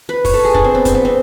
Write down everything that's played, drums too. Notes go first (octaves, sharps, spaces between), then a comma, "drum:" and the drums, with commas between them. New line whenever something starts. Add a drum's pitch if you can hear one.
B4
C#5, drum: kick, open hi-hat
A4
G#4
D4, drum: kick
C4
B3
C4, drum: kick, hi-hat
B3
C4